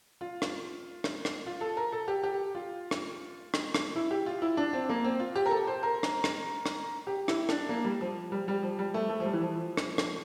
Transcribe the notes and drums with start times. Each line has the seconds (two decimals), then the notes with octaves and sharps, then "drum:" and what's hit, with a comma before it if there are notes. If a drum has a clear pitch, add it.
0.21 F4
0.42 drum: rim click
1.04 drum: rim click
1.25 drum: rim click
1.46 F4
1.61 A4
1.77 A#4
1.92 A4
2.08 G4
2.23 G4
2.55 F4
2.91 drum: rim click
3.54 drum: rim click
3.74 drum: rim click
3.96 E4
4.11 G4
4.26 F4
4.42 E4
4.57 D4
4.73 C4
4.89 A#3
5.04 C4
5.20 F4
5.36 G4
5.46 A#4
5.51 A4
5.67 C5
5.83 A#4
6.03 drum: rim click
6.24 drum: rim click
6.66 drum: rim click
7.07 G4
7.28 E4, drum: rim click
7.49 D4, drum: rim click
7.69 A#3
7.85 G3
8.01 F3
8.32 G3
8.48 G3
8.63 F3
8.79 G3
8.94 A3
9.09 A3
9.20 F3
9.25 G3
9.34 E3
9.41 F3
9.77 drum: rim click
9.98 drum: rim click